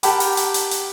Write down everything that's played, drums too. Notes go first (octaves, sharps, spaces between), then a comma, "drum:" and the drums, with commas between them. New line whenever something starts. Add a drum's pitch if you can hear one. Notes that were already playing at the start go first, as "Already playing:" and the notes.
G4 A#4 F#5 A5 B5 D6, drum: hi-hat
drum: open hi-hat
drum: hi-hat
drum: hi-hat
drum: hi-hat